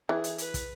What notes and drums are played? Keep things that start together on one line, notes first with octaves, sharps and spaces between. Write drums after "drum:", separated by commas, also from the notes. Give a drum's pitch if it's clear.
E3 G#4
drum: hi-hat
B4, drum: hi-hat
drum: kick, hi-hat